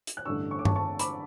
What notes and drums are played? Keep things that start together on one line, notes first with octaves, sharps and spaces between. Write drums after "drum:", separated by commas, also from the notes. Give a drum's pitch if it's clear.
drum: hi-hat
F#6
A1 G2 D3 A3 C#6 E6
C#6
D6
A5 C#6, drum: tom G2
A5 C#6
B5 D6, drum: hi-hat